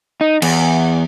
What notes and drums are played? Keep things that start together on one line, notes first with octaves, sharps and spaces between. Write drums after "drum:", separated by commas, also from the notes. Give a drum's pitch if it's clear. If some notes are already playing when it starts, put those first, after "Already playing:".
D#4
E2, drum: cymbal